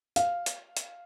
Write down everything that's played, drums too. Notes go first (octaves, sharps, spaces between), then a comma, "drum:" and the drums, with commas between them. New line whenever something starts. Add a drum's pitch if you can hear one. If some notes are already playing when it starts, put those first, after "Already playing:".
F5, drum: hi-hat
drum: hi-hat
drum: hi-hat